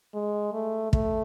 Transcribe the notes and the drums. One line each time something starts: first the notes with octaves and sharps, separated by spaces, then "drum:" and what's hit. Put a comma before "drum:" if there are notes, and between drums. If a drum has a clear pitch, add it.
G#3
A3
A3, drum: kick